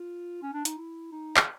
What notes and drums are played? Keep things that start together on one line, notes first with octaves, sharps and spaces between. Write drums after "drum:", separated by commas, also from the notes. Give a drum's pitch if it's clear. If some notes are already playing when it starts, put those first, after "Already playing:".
Already playing: F4
C#4
D4
D#4, drum: hi-hat
E4
D#4
G#4, drum: clap